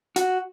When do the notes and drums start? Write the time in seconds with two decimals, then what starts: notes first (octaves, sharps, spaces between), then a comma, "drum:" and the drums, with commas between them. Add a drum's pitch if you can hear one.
0.16 F#4, drum: hi-hat